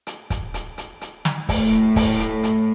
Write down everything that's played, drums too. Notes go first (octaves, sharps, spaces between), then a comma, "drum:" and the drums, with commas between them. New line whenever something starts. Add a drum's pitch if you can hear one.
drum: hi-hat
drum: kick, hi-hat
drum: hi-hat
drum: hi-hat
drum: hi-hat
drum: snare
A2, drum: kick, open hi-hat
drum: kick, open hi-hat
drum: hi-hat
drum: hi-hat